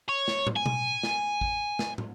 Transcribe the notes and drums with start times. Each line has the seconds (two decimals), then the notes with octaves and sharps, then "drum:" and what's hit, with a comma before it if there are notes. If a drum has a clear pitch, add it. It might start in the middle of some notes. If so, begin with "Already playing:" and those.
0.09 C#5
0.28 drum: snare
0.47 drum: tom
0.56 G#5
0.66 drum: tom B2
1.03 drum: snare
1.41 drum: kick A1
1.79 drum: snare
1.98 drum: tom